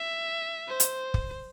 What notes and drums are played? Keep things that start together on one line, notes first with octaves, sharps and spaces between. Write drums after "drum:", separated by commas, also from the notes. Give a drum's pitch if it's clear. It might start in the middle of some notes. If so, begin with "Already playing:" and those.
Already playing: E5
C5
drum: hi-hat
drum: kick